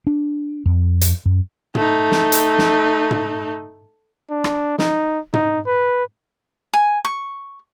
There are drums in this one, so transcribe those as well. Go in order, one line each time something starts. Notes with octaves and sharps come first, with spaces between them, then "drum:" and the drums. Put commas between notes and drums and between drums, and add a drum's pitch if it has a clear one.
D4
F2
drum: hi-hat
F#2
A3 D#4, drum: tom
drum: snare
drum: hi-hat
drum: snare
drum: tom
D4
drum: rim click
D#4, drum: snare
D#4, drum: tom
B4
G#5
C#6